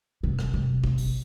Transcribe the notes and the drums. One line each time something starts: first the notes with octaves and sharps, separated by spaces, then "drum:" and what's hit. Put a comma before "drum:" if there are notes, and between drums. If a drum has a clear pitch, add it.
C3
drum: rim click
C3
C3, drum: kick
drum: open hi-hat